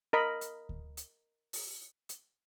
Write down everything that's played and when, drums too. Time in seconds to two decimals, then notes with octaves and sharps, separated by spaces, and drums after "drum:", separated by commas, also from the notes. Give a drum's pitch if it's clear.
0.13 A#4 D#5 B5
0.41 drum: hi-hat
0.69 drum: kick D2
0.97 drum: hi-hat
1.53 drum: open hi-hat
2.09 drum: hi-hat